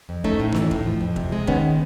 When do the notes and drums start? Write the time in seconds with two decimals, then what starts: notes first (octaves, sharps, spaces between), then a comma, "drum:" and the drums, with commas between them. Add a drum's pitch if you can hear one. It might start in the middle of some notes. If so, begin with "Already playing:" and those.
0.09 F2
0.24 A3 C#4 D#4, drum: kick
0.40 A2
0.55 E3, drum: snare D4
0.71 A2, drum: kick
0.86 F3
1.01 F2
1.16 C3, drum: kick
1.32 G#3
1.47 D#3 B3 C#4, drum: kick